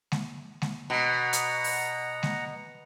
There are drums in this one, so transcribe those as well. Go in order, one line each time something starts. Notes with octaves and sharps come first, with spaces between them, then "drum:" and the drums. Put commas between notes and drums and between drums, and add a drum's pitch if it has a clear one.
drum: snare G#3
drum: snare G#3
B2 F#5 A#5
drum: hi-hat
drum: open hi-hat
drum: snare G#3